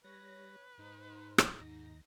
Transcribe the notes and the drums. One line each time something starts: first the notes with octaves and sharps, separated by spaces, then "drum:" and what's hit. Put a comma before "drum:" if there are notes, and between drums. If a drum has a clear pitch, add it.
G3 B4 C#5 A#6
G#2 D#4 C5
drum: rim click
D#2 D#4 A#6